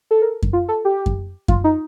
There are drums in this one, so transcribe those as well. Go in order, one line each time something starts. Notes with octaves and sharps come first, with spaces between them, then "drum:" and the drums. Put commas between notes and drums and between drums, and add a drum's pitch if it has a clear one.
A4
A#4
drum: kick F#2
F4
A4
G4
drum: kick F#2
F4, drum: kick F#2
D#4